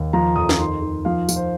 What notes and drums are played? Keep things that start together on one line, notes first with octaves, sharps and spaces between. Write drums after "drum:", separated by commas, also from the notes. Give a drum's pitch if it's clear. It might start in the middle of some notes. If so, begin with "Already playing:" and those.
Already playing: D#2
F3 A#5
F2 D#6
drum: snare
D#3 C6
D#3
F3 F5
F3, drum: tambourine
C5